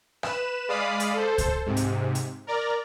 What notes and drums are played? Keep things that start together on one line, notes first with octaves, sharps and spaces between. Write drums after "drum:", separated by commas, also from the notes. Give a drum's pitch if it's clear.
B4 E7, drum: rim click
G#3 D5 F5 B5 D#6 C7
drum: hi-hat
A4 C5
drum: kick C#2, hi-hat
G#2 C3
drum: hi-hat
drum: hi-hat
A#4 D5 A#5